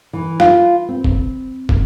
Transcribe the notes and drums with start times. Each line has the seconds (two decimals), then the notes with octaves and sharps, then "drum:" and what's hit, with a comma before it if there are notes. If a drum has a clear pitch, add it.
0.13 E3
0.40 F4, drum: rim click
0.89 C4
1.04 drum: kick
1.69 drum: kick